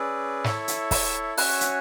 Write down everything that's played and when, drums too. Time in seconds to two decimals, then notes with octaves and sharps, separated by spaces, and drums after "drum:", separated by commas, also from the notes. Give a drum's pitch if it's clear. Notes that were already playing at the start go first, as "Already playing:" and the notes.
Already playing: C#4 G#4 B4 D5 E6
0.44 E4 A4 C#5 E5, drum: snare
0.68 drum: hi-hat
0.91 drum: kick, open hi-hat
1.37 C#4 F#4 C#5 E5 G#5 F#6, drum: open hi-hat
1.61 drum: hi-hat